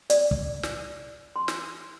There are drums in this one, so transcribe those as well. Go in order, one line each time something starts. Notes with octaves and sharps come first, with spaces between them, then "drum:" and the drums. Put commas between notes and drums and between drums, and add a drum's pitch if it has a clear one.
D5, drum: hi-hat
drum: kick
drum: snare
C6
drum: snare